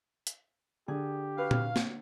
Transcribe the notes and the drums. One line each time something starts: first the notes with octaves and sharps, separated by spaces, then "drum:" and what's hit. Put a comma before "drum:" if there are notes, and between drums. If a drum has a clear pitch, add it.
drum: hi-hat
D3 G4 G#4
F#4 B4 F5
drum: tom A#2
drum: snare A#3